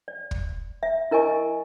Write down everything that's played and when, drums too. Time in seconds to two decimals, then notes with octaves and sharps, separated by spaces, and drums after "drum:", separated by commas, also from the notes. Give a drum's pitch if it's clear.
0.08 D5
0.31 drum: kick
0.83 E5
1.11 E4 A#4 D#5 G#5 C#6